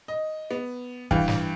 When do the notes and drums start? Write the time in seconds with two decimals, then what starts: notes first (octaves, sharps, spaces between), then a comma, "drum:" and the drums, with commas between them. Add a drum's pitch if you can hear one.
0.08 D#5
0.51 B3
1.11 G2 E3 F5 G5, drum: kick
1.28 drum: snare